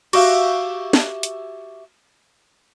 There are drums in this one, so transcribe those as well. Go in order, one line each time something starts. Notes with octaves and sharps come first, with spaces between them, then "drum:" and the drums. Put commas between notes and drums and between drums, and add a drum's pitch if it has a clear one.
F#4 G4 E5 F5, drum: cymbal
drum: snare
drum: hi-hat